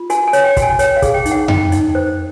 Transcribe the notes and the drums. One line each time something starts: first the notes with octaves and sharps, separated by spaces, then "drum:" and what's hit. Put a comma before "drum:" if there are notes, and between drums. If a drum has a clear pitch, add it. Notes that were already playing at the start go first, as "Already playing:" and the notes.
Already playing: F4
F#4 G#5, drum: hi-hat
G#5
C#5, drum: hi-hat
G5
F#4, drum: kick, hi-hat
G#5
C#5 G5, drum: hi-hat
F5
G#4, drum: kick, hi-hat
G5
D#4, drum: hi-hat
F#5
D#4 G5, drum: tom F2
D#4, drum: hi-hat
C5